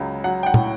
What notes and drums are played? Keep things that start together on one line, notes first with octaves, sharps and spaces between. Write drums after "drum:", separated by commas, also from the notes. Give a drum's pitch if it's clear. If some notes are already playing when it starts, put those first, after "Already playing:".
Already playing: C#2 C#3 F#3
F#3 F#5
G5
F#5
A2, drum: tom